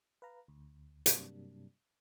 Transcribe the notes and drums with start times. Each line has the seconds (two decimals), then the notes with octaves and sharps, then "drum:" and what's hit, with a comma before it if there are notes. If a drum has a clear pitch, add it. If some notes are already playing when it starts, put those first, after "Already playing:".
0.22 B4 F5 A#5
0.48 D2
1.06 G2 C3 F#3 G3 A#3 D4, drum: hi-hat